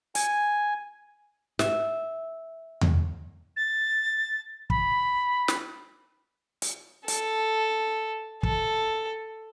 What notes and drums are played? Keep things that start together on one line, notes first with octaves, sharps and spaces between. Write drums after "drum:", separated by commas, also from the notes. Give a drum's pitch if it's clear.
G#5, drum: hi-hat
E5, drum: snare
drum: tom E2
A6
B5, drum: kick
drum: snare
drum: hi-hat
A4, drum: hi-hat
A4, drum: kick